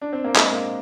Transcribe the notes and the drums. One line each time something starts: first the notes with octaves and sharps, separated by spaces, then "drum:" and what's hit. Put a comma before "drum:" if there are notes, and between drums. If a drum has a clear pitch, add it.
D4
C4
A#3
G#3, drum: clap
A#3